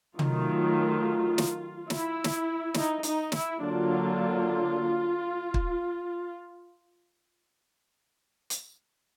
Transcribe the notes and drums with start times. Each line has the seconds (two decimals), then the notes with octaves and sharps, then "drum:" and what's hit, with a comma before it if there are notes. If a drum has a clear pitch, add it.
0.19 D#3 F#3 A3 F4, drum: tom
1.38 drum: snare
1.90 E4, drum: snare
2.24 drum: snare
2.74 D#4, drum: snare
3.03 D#4, drum: hi-hat
3.32 E4, drum: snare
3.60 D3 F#3 A#3 D4 F4
5.54 drum: kick
8.50 drum: hi-hat